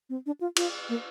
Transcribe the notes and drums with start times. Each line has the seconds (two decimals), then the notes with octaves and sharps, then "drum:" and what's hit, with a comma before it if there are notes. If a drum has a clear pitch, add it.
0.10 C4
0.26 D4
0.41 F4
0.56 F4, drum: cymbal
0.89 A#3